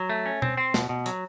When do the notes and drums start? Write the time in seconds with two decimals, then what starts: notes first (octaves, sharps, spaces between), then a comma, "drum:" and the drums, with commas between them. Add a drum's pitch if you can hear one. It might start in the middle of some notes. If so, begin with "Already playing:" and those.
Already playing: F#3
0.10 A3
0.26 C#4
0.42 C4, drum: tom B2
0.57 C4
0.74 B2, drum: snare
0.89 B2
1.06 F#3, drum: hi-hat